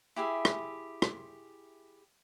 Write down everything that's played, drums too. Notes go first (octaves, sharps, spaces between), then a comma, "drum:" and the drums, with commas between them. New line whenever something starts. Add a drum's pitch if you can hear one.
E4 G4 G#4 E5
drum: rim click
drum: rim click